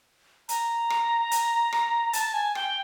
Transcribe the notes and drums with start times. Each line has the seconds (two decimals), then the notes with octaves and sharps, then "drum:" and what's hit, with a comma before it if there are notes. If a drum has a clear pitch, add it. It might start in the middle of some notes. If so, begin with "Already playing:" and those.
0.49 A#5, drum: hi-hat
0.90 drum: rim click
1.31 drum: hi-hat
1.73 drum: rim click
2.13 A5, drum: hi-hat
2.34 G#5
2.55 G5, drum: rim click